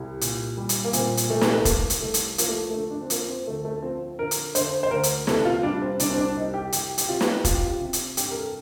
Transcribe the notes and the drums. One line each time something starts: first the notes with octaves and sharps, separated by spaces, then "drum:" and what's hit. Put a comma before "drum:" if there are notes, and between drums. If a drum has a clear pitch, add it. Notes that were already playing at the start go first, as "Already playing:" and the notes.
Already playing: C2
A#2, drum: hi-hat
G3
drum: hi-hat
A#3
A#2 C4, drum: hi-hat
drum: hi-hat
C2 A3
drum: snare
A3
C2 A#3, drum: kick F1, hi-hat
drum: hi-hat
C2 A3
drum: hi-hat
F3 A#3, drum: hi-hat
A3
D3 A3
D4
C4
F3 A#3, drum: hi-hat
C4
D2 A3
A3
F3 C4
D3 A#4
drum: hi-hat
D3 C5, drum: hi-hat
C5
D2 A#4
drum: hi-hat
C3 A4, drum: snare
F4
G3 D4
C4
C2 D4, drum: hi-hat
C4
D4
C2 D#4
G4
C2 G4, drum: hi-hat
G4, drum: hi-hat
C3 F4
drum: snare
C3 F4, drum: kick F1, hi-hat
G4
F4
C3
drum: hi-hat
G2 G4, drum: hi-hat
A#4
A4